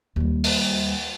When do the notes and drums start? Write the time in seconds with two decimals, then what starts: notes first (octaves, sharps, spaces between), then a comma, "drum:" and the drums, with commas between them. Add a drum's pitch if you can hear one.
0.16 D#2 G3
0.44 drum: open hi-hat